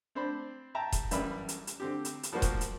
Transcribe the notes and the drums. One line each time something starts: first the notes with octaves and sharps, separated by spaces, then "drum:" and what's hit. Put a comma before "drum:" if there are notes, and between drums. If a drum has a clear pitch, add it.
C4 D4 C5 B5
E5 G5 A5 A#5
drum: kick D#1, hi-hat
A1 F#2 G3 B4 E5 B5, drum: hi-hat
drum: hi-hat
drum: hi-hat
D3 C4 G4
drum: hi-hat
drum: hi-hat
F3 G3 A#3 F#4 C5
drum: kick D#1, hi-hat
drum: hi-hat